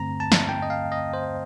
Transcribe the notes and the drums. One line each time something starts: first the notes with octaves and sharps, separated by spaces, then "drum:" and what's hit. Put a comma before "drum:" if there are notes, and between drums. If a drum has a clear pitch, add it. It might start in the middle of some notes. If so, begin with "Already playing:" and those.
Already playing: G2 D3 A3 C4 A#5
A5
drum: snare
G5
D#5
F5
D#5
C5